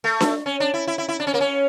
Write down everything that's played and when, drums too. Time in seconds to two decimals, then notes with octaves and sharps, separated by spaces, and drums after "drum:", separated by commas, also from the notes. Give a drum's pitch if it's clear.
0.04 A3
0.20 drum: snare D4
0.46 C#4
0.60 D4
0.74 E4
0.87 E4
0.98 E4
1.09 E4
1.20 D4
1.27 C#4
1.34 A#3
1.41 C#4